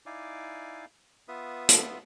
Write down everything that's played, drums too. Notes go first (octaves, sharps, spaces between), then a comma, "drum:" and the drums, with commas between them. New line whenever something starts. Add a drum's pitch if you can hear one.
D#4 E4 D5 F5 G#5 D6
B3 F4 B4 E5 D#6
drum: hi-hat